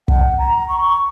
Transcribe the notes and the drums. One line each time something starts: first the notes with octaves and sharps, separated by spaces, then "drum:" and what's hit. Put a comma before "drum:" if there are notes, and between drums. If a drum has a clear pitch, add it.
F#5, drum: kick
A#5
C#6